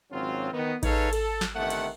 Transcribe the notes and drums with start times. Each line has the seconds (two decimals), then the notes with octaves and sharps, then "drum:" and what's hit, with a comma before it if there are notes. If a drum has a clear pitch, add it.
0.12 G#1 F#3 C4 C#4 F4
0.52 D#3 B3 D#4
0.83 D#4 G#4 A4 B4 C#5 F5, drum: kick A1, cymbal
1.13 A4, drum: cymbal
1.41 drum: snare
1.56 G1 C3 D#3 A3 F#5
1.70 drum: cymbal